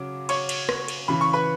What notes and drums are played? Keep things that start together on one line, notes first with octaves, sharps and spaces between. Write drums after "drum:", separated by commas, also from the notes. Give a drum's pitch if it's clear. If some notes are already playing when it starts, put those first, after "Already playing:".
Already playing: C#3 F#3 D6
C#5 C#6, drum: cymbal
drum: cymbal
drum: rim click
drum: cymbal
C#3 E3 B5
C#6
B4 B5